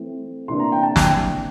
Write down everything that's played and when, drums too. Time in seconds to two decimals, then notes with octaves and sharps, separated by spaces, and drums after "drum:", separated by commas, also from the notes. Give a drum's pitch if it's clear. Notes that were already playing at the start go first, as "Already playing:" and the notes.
Already playing: E3 A3 C4
0.48 C3 E3 A#3 D4 C6
0.60 A#5
0.72 G5
0.83 A5
0.96 G5, drum: snare